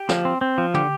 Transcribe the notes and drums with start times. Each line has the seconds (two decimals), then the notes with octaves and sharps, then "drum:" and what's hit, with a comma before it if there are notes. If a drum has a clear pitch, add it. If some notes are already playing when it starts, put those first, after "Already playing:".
Already playing: G4
0.09 F3, drum: snare
0.25 C4
0.41 C4
0.58 F3
0.74 D3 G4, drum: tom